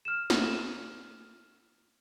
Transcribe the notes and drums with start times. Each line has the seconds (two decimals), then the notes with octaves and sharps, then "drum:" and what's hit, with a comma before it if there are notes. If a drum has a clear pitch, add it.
0.05 F6 E7
0.30 drum: snare